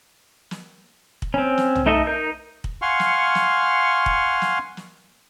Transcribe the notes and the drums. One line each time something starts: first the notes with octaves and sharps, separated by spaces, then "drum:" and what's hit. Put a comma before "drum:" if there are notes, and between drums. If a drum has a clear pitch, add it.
drum: snare
drum: kick
C4 C#4
drum: snare
drum: tom
A3 D#4 A4 D#5 E5
D#4 A#4 G6
drum: kick
F5 F#5 G#5 C6 C#6 F6
drum: snare
drum: snare
drum: kick
drum: snare
drum: snare